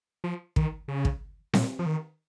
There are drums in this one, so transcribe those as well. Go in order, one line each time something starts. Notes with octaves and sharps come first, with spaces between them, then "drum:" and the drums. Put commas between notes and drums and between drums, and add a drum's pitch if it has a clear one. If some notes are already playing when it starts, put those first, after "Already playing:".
F3
D#3, drum: kick
C#3
drum: kick
A#2, drum: snare C4
F3
D#3